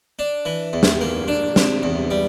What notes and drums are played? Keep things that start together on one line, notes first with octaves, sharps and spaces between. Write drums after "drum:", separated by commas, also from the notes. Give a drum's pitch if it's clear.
D4
E3
E2
drum: snare
A#3
D4
C3, drum: snare
E2
G3